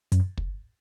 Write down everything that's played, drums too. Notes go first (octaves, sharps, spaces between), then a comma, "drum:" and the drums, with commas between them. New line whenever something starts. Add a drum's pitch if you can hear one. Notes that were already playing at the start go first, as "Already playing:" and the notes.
F#2, drum: hi-hat
drum: kick